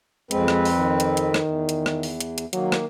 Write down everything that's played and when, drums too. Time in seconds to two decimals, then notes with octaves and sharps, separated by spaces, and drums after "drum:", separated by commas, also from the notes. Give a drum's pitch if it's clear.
0.31 F2 G#3 C4 B4, drum: hi-hat
0.48 drum: rim click
0.65 drum: open hi-hat
0.79 D#3
1.00 drum: hi-hat
1.17 drum: hi-hat
1.34 drum: rim click
1.44 E2
1.69 drum: hi-hat
1.86 drum: rim click
2.03 drum: open hi-hat
2.21 drum: hi-hat
2.38 drum: hi-hat
2.53 D#3 F#3 A#3, drum: hi-hat
2.72 drum: rim click